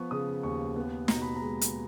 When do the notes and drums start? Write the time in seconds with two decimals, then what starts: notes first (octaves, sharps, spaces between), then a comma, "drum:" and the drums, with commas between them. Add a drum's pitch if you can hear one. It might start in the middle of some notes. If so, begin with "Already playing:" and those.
Already playing: F3 B3 C#6
0.11 C#3 D#6
0.43 D#2 C#6
0.76 B3
1.08 B2 A#5, drum: snare
1.22 B5
1.36 G#3 A#5
1.61 drum: hi-hat